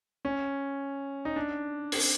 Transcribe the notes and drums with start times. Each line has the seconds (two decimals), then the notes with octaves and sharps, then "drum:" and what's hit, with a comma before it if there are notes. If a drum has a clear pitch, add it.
0.25 C#4
1.25 D#4
1.36 D4
1.92 C4, drum: open hi-hat